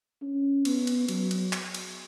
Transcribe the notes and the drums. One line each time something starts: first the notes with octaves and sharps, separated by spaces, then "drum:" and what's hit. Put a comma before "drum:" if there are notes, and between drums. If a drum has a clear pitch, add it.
C#4
B3, drum: cymbal
drum: cymbal
F#3, drum: cymbal
drum: cymbal
drum: clap
drum: cymbal